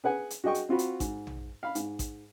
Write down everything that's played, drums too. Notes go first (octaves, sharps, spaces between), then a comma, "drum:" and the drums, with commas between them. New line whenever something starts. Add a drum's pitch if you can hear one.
G#4 B4 F#5 G#5
drum: hi-hat
F#4 G#4 D#5 G5 C#6
drum: hi-hat
C4 F4 F#4 B5
drum: hi-hat
G#2, drum: kick A1, hi-hat
drum: tom A#1
F5 B5
G#2, drum: hi-hat
drum: kick A1, hi-hat